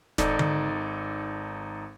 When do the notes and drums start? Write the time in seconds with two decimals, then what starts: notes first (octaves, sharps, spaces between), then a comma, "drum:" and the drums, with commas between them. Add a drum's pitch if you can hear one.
0.18 G#1 D#4 A4 D5, drum: snare
0.39 drum: tom D3